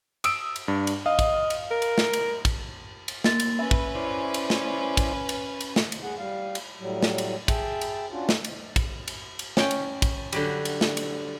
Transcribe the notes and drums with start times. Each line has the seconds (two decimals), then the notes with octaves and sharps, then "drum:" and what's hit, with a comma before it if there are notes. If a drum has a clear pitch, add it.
0.24 D#6 E6 D7, drum: cymbal
0.56 drum: cymbal
0.68 G2 D4
0.87 drum: cymbal
1.06 D#5 F5
1.19 drum: kick, cymbal
1.50 drum: cymbal
1.71 A#4
1.82 drum: cymbal
1.98 drum: snare
2.13 drum: cymbal
2.45 drum: kick, cymbal
3.08 drum: cymbal
3.24 A#3 A6, drum: snare
3.40 drum: cymbal
3.59 C#4 B4 E5
3.71 drum: kick
3.95 E4 C5 D5
4.34 drum: cymbal
4.50 drum: snare
4.97 drum: kick, cymbal
5.29 drum: cymbal
5.60 drum: cymbal
5.76 drum: snare
5.92 drum: cymbal
6.03 G#4 F#5
6.18 G3 F5
6.55 drum: cymbal
6.80 A2 F#3 G3
7.02 drum: snare
7.18 drum: cymbal
7.48 G#4 E5 G5 A5, drum: kick, cymbal
7.81 drum: cymbal
8.12 C#4 D4 F4 F#4
8.29 drum: snare
8.44 drum: cymbal
8.76 drum: kick, cymbal
9.08 drum: cymbal
9.39 drum: cymbal
9.57 C#4 G5, drum: snare
9.71 drum: cymbal
10.02 drum: kick, cymbal
10.33 D3 F#3 G3, drum: cymbal
10.65 drum: cymbal
10.81 drum: snare
10.97 drum: cymbal